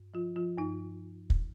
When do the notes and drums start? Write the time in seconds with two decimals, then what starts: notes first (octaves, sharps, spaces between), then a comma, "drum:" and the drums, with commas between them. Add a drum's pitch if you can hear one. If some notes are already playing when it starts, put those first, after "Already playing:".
Already playing: G2
0.14 F3 F4
0.36 F3 F4
0.58 G2 D#4
1.30 drum: kick